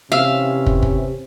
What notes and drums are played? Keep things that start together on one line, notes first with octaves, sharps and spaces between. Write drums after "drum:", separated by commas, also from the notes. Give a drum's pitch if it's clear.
C3 E3 C#4 E5 F5
drum: kick
drum: kick